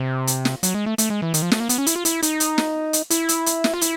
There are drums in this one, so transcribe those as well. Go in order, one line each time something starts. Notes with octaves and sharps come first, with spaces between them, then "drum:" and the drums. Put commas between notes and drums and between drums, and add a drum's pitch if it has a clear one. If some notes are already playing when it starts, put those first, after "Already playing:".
Already playing: C3
drum: hi-hat
drum: snare
F#3, drum: hi-hat
G#3
A3
A3, drum: hi-hat
G#3
E3
D#3, drum: hi-hat
F3
A3, drum: snare
A#3
B3, drum: hi-hat
C#4
E4, drum: hi-hat
F4
E4, drum: hi-hat
D#4, drum: hi-hat
drum: hi-hat
drum: snare
drum: hi-hat
E4, drum: hi-hat
drum: hi-hat
drum: hi-hat
drum: snare
F4
E4, drum: hi-hat